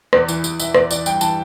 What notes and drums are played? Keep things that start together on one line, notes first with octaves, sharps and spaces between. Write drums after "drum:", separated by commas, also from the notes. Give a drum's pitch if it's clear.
E2 D5, drum: rim click
E3, drum: tambourine
E2, drum: tambourine
E3 E5, drum: tambourine
E2 D5, drum: rim click
E3 D5, drum: tambourine
G2 G5, drum: tambourine
E3 A5, drum: tambourine